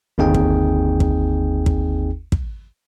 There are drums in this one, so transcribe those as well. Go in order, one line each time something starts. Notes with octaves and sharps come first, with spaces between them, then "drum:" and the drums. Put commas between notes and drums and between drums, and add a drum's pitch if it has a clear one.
G1 D#2 C4 D#4 G#4 G5
drum: kick
drum: kick
drum: kick
drum: kick